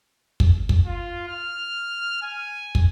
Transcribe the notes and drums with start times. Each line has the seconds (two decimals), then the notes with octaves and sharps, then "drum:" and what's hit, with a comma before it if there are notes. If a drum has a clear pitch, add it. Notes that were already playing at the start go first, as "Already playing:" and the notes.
0.40 drum: kick
0.69 drum: kick
0.86 F4
1.28 F6
2.23 G#5
2.75 drum: kick